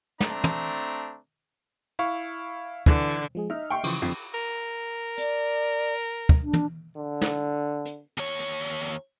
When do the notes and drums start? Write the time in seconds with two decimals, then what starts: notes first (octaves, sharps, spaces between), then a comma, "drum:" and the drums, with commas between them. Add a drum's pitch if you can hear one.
0.21 A3 C4 D4 A#5, drum: snare
0.44 drum: tom
1.99 E4 F5 C#6
2.86 D3 E3, drum: kick
3.35 F3 G#3 G#4
3.50 D#4 D#5 E5 F6
3.70 G5 C6 C#6
3.84 C#3 E3 F3, drum: cymbal
4.02 F2 D3 D#3 F3
4.34 A#4
5.18 D5, drum: hi-hat
6.29 drum: kick
6.43 D4
6.53 drum: tom
6.96 D3
7.21 drum: snare
7.85 drum: hi-hat
8.18 D#2 C#5
8.39 drum: hi-hat